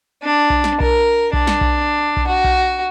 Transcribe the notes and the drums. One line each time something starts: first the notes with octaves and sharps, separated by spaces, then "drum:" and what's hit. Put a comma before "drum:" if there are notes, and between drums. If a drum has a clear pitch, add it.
D4
drum: kick B1
drum: snare
A#4, drum: kick B1
D4, drum: kick B1
drum: snare
drum: kick B1
drum: kick B1
F#4
drum: kick B1